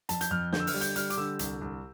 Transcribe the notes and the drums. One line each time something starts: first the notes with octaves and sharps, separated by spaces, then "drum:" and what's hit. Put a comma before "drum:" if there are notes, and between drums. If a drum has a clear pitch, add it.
F2 A5, drum: hi-hat
G6, drum: hi-hat
F2 F6
D3 G6, drum: snare
E6
F6, drum: open hi-hat
G3
G6, drum: hi-hat
G3 F6, drum: hi-hat
D6, drum: hi-hat
D3 E6
C2, drum: hi-hat
C2